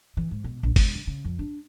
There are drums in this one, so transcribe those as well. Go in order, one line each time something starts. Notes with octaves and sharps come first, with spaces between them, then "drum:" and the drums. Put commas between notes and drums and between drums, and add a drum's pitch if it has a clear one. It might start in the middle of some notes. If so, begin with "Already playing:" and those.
E3
G#2
B2
A#1
E1, drum: kick G1, open hi-hat
D3
C#3
F2
D4